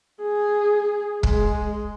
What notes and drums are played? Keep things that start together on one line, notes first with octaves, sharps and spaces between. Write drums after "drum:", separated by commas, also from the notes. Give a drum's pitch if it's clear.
G#4
G#3, drum: kick